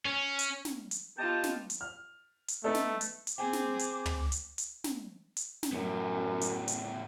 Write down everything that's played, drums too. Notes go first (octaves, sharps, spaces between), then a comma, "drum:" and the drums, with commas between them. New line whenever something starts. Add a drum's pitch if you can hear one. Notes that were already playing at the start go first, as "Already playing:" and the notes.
C#4
drum: hi-hat
drum: snare
drum: hi-hat
B3 F4 G4 D#5 G5 A5
drum: snare
drum: hi-hat
F6
drum: hi-hat
A3 B3 D#4 A4
drum: snare
drum: hi-hat
drum: hi-hat
C4 G#4 C5 G5 G#5 D6
drum: snare
drum: hi-hat
drum: tom
drum: hi-hat
drum: hi-hat
drum: snare
drum: hi-hat
drum: snare
F#2 A2 B3
drum: hi-hat
drum: hi-hat